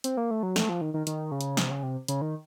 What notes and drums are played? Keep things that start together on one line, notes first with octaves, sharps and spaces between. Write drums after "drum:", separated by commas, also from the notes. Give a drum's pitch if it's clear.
C4, drum: hi-hat
A#3
A3
F#3
A3, drum: snare
F3
D#3
D#3
D#3, drum: hi-hat
C#3
drum: hi-hat
C3, drum: snare
C#3
C3
C#3, drum: hi-hat
D#3